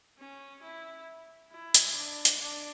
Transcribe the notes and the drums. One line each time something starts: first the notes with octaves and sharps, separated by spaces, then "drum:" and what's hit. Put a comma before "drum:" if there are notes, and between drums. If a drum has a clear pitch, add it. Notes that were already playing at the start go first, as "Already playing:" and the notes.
C#4
E4
E4
drum: hi-hat
D4
drum: hi-hat
D4